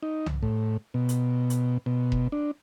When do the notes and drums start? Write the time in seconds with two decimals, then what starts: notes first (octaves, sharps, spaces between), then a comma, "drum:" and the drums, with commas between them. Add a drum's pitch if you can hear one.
0.03 D#4
0.26 drum: tom C2
0.43 A2
0.94 B2
1.09 drum: hi-hat
1.50 drum: hi-hat
1.86 B2
2.12 drum: kick E1
2.32 D4